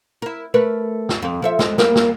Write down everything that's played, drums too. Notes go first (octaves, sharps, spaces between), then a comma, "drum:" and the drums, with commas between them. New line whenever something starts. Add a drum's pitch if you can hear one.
E4 A#4
A3 A#4 B4
drum: snare
F2
F3 A4 E5
G#3, drum: snare
G3 A#3 A#4, drum: snare
drum: snare